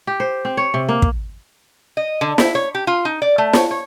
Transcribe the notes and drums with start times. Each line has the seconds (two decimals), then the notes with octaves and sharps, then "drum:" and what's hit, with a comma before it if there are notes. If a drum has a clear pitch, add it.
0.07 G4
0.20 C5
0.45 C4
0.57 C#5
0.74 C3
0.89 A#3
1.02 drum: kick
1.97 D#5
2.21 D3
2.38 E4, drum: snare
2.55 C#5
2.75 G4
2.87 F4
3.05 D#4
3.22 D5
3.38 A3
3.53 C#5, drum: snare
3.71 C#5